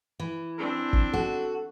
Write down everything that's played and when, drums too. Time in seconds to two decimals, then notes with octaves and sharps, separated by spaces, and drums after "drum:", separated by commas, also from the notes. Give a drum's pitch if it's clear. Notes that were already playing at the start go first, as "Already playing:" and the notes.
0.20 E3
0.58 C4 D4
0.93 drum: kick G1
1.13 F#4 A4